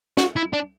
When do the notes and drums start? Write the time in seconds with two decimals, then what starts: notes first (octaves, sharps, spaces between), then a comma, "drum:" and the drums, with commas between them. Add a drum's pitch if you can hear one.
0.17 F#4, drum: snare
0.36 E4
0.53 D4